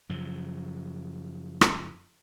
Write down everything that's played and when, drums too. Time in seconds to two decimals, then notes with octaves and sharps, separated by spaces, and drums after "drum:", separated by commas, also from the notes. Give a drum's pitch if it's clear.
0.09 F#2 C#3 F3
1.61 drum: rim click